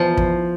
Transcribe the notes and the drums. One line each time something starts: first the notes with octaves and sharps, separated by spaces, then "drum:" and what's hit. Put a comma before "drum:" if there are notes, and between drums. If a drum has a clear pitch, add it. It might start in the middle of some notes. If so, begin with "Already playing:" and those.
Already playing: E2 F3
drum: kick